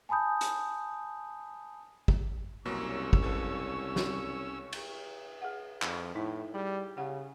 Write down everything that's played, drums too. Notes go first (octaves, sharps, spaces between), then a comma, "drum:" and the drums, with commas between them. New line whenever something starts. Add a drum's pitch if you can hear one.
G#5 A5 B5 D#6 G6
drum: hi-hat
drum: kick
C2 F#2 B2 A#3 C#4 C#6 E6
drum: kick
C#2 A4 B4
drum: snare
drum: cymbal
G#4 F5 F#5
F2, drum: clap
A2 D#4 E4
G3 G#4
C#3 G4 F#5